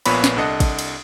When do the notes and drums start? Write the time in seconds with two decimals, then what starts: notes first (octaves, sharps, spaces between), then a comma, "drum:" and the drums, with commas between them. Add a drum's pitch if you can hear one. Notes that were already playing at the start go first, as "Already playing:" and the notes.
0.06 A#1 A#2 B3 B4 C#5 B5, drum: cymbal
0.24 drum: snare
0.36 C2 D4 A4 D#5 F#5 D#6
0.60 drum: kick, cymbal
0.79 drum: cymbal